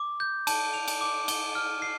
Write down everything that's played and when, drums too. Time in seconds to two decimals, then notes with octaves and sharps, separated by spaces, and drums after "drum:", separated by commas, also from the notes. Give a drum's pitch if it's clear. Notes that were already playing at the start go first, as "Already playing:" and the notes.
Already playing: D6
0.20 G6
0.47 A5, drum: cymbal
0.74 F7
0.88 drum: cymbal
1.01 D6
1.28 G7, drum: cymbal
1.55 F6
1.82 C7